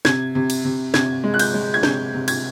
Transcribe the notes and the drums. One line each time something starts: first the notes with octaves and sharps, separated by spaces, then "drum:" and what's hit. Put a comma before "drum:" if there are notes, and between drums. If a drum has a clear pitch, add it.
C3 G#6, drum: snare
C3
drum: cymbal
C3
C3 G#6, drum: snare
G#3
F#6
G6, drum: cymbal
G#3
G#6
C3 G6, drum: snare
C3
G#6, drum: cymbal